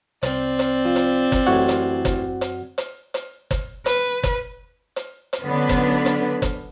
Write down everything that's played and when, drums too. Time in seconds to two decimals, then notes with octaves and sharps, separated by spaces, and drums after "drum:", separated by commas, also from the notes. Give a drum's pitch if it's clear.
0.23 C2 C4 D5, drum: hi-hat
0.59 drum: hi-hat
0.85 F3
0.96 drum: hi-hat
1.32 drum: kick, hi-hat
1.47 A1 F#2 A2 F#4 C#5 F#5
1.68 drum: hi-hat
2.05 drum: kick, hi-hat
2.41 drum: hi-hat
2.78 drum: hi-hat
3.14 drum: hi-hat
3.51 drum: kick, hi-hat
3.86 B4, drum: hi-hat
4.23 drum: kick, hi-hat
4.96 drum: hi-hat
5.33 drum: hi-hat
5.44 D3 F#3 B3 C#4 D4 B4
5.69 drum: kick, hi-hat
6.06 drum: hi-hat
6.42 drum: kick, hi-hat